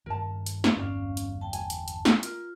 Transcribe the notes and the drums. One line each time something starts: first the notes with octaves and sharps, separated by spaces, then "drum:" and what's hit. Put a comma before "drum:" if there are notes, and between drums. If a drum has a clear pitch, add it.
G2 D#3 A#4 A5
drum: hi-hat
drum: snare
G1 E2 G2 C#4 D5 F5
drum: hi-hat
G5 A5
G#5, drum: hi-hat
drum: hi-hat
drum: hi-hat
drum: snare
F4 A#4, drum: hi-hat